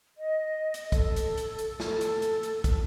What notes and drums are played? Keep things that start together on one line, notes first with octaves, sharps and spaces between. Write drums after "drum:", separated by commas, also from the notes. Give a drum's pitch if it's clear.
D#5
drum: hi-hat
A4, drum: kick, hi-hat
drum: hi-hat
drum: hi-hat
drum: hi-hat
A4, drum: snare
drum: hi-hat
drum: hi-hat
drum: hi-hat
drum: kick, hi-hat